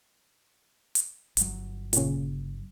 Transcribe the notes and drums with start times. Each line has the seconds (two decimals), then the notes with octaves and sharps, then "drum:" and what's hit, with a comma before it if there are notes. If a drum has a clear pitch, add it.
0.95 drum: hi-hat
1.37 G1 F#3, drum: hi-hat
1.93 A#2 C#3, drum: hi-hat